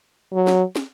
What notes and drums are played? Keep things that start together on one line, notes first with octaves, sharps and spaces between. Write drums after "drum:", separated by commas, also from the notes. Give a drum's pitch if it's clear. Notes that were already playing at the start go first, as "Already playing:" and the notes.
F#3
drum: snare
drum: snare